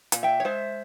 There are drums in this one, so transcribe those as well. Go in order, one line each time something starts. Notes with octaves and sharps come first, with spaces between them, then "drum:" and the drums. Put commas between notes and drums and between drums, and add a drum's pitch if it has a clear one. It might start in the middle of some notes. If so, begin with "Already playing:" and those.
A#2, drum: hi-hat
E5 G5
C#5
G#3 C5 E5